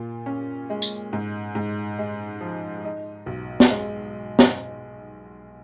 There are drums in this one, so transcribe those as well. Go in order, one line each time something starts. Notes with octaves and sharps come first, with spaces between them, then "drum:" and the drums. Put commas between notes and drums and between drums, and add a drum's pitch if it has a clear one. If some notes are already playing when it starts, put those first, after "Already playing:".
Already playing: A#2 F4
C#4
G#3
drum: tambourine
G#2
G#2
G#3
F3
D#4
B1
drum: snare
G#3
drum: snare